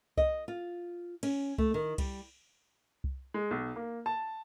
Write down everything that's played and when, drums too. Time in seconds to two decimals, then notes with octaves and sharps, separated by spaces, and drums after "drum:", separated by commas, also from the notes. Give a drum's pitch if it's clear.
0.17 D#5, drum: kick C2
0.48 F4
1.23 C#4, drum: cymbal
1.58 A3, drum: kick C2
1.74 D#3
1.98 G3, drum: kick C2, cymbal
3.04 drum: kick C2
3.34 G#3
3.51 B1
3.76 A#3
4.06 A5